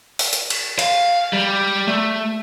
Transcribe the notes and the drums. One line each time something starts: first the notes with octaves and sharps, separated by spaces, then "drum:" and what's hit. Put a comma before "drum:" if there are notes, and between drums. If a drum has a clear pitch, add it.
drum: open hi-hat
drum: hi-hat
drum: cymbal
F5, drum: cymbal
G3
A3